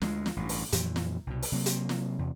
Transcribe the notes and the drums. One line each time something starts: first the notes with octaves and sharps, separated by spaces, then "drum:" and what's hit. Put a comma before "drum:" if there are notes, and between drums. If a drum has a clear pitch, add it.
D2 G#3, drum: snare
drum: snare
A1 G2
drum: open hi-hat
F2 A#2 E3 F#3, drum: hi-hat
drum: snare
C2 B2
drum: open hi-hat
C3 F#3 A#3
drum: hi-hat
drum: snare
E2 C3